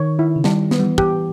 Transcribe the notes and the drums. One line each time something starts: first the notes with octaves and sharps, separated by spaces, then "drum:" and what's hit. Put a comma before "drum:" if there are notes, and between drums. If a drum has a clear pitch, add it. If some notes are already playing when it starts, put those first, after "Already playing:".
Already playing: D#3 C#5
E4
C#3
D#3 G3, drum: snare
B3, drum: snare
G3
E3
G4, drum: kick